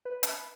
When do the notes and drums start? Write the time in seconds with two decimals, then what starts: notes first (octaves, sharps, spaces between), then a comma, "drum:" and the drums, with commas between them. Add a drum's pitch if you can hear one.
0.05 B4
0.23 drum: hi-hat